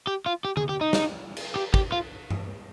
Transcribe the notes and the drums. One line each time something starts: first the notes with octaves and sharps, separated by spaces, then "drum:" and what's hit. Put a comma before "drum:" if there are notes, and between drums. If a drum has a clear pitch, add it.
G4
F4
G4
G#4, drum: tom D3
G4
D#4
drum: snare
drum: cymbal
G4
G4, drum: kick
F4
drum: tom G2